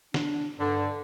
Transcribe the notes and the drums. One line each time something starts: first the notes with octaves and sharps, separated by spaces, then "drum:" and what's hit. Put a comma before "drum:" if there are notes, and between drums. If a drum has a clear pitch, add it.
D4, drum: snare
G2 D3